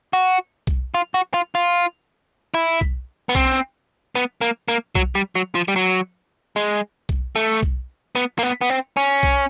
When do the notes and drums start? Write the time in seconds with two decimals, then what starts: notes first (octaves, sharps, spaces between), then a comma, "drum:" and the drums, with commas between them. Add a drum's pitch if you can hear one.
0.13 F#4
0.67 drum: kick B1
0.94 F4
1.14 F#4
1.34 F4
1.55 F4
2.54 E4
2.81 drum: kick B1
3.29 B3
3.35 C4, drum: kick B1
4.15 B3
4.41 A#3
4.68 A#3
4.95 F#3, drum: kick B1
5.15 G3
5.35 F#3
5.55 F3
5.68 G3
5.76 F#3
6.56 G#3
7.09 drum: kick B1
7.36 A3
7.63 drum: kick B1
8.15 B3
8.39 A#3
8.43 B3
8.61 B3
8.70 C4
8.97 C#4
9.23 drum: kick B1